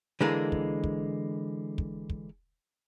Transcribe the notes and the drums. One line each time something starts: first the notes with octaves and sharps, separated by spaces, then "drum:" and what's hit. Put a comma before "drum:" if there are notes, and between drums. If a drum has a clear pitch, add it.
D3 E3 G#3 A#3
drum: kick
drum: kick
drum: kick
drum: kick